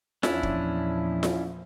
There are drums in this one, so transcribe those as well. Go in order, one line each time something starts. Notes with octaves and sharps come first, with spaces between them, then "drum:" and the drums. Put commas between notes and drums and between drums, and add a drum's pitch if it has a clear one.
E2 A#2 F3 C#4 D4 E4, drum: snare F4
drum: kick
drum: snare F4